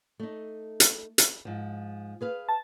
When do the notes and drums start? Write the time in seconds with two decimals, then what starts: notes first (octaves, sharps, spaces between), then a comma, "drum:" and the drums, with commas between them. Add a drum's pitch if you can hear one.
0.20 A3 D#4
0.80 drum: hi-hat
1.18 drum: hi-hat
1.45 G#2 F3
2.21 G#4 B4 F5
2.49 A5